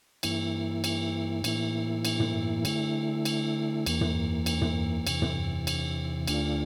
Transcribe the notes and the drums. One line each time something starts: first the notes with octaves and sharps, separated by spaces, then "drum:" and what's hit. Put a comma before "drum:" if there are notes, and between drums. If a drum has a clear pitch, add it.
G2 E3 A#3 E4, drum: cymbal
drum: cymbal
A2 E3 A#3 E4, drum: cymbal
drum: cymbal
drum: tom
D3 A3 E4, drum: cymbal
drum: cymbal
E2 E3 A#3, drum: cymbal
drum: tom
drum: cymbal
drum: tom
E2 C3 E3, drum: cymbal
drum: tom
drum: cymbal
D2 D3 A3 D4 F4, drum: cymbal